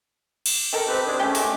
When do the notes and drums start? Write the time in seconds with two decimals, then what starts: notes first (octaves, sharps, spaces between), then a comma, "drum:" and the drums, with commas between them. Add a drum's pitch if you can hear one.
0.46 drum: cymbal
0.73 D#3 A4 A#4
0.87 C4 G4 B4
1.07 C4 D4 G#4
1.20 A3 C#4 G4 G5
1.35 G#3 G4, drum: open hi-hat